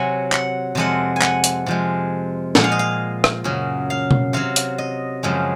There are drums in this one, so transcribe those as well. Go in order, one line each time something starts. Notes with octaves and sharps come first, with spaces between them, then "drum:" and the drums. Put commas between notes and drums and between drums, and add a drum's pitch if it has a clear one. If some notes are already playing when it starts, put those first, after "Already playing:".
Already playing: C3 F#3 F#5 G#5
F#5, drum: clap
F2 C3 F3 G#3 F#5
G#5
F#5, drum: clap
drum: hi-hat
C3 F3 G#3
A#2 F3 G#3 F#5, drum: snare
F5
D#5
F5
drum: rim click
F#2 C#3 F#3
F5
drum: tom B2
C3 F#3 F5
drum: hi-hat
D#5
F#2 C#3 F3 G#3